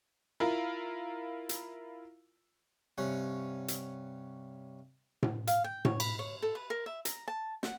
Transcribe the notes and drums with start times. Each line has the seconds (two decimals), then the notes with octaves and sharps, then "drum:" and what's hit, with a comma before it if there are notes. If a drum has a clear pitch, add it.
0.40 E4 F4 A#4
1.49 drum: hi-hat
2.98 G2 C3 C#4 C#5 F#5
3.68 drum: hi-hat
5.23 drum: tom A2
5.47 F5, drum: hi-hat
5.64 G5
5.85 C#5, drum: tom A2
6.00 B5, drum: cymbal
6.19 C#5
6.42 A4
6.55 B4
6.70 A#4
6.86 E5
7.05 A#5, drum: hi-hat
7.28 A5
7.63 F#5, drum: snare